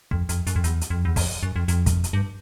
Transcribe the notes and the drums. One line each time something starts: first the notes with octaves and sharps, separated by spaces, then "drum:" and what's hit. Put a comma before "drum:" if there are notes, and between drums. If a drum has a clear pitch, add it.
F2, drum: kick
F2, drum: hi-hat
F#2, drum: hi-hat
F2
E2, drum: hi-hat
drum: hi-hat
F2
E2
F2, drum: kick, open hi-hat
F#2
F2
F2, drum: hi-hat
drum: kick, hi-hat
drum: hi-hat
G2